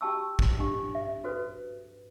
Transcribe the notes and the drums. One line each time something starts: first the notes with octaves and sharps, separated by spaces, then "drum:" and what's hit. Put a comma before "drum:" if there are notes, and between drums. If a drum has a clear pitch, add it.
F#4 G4 G5 A5 C#6 E6
drum: kick
D4 G4
E5
F#4 A4 B4 C5